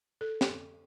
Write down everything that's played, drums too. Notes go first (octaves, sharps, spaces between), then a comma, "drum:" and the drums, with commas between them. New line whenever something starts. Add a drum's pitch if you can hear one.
A4
drum: snare